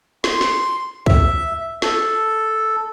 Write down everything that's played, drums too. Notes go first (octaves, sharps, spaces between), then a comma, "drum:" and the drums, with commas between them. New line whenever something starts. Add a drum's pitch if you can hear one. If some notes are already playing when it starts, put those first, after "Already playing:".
C6, drum: snare
drum: snare
E5, drum: kick
A4, drum: snare